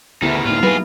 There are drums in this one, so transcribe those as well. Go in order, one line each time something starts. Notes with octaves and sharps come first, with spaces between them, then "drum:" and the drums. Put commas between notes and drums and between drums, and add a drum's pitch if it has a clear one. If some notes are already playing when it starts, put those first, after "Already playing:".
D2 C#3 B3 D#4 E4 G4
D2 A2 A#3 D#4 F4
F#4 G#4 B4, drum: tom